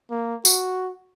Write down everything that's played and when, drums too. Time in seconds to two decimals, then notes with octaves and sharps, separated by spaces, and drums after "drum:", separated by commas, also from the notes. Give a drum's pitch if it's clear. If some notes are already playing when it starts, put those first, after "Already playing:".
0.11 A#3
0.45 F#4, drum: tambourine